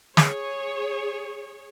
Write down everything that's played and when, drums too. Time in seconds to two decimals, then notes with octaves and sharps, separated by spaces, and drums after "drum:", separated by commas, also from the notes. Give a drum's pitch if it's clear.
0.17 G#4 C#5, drum: snare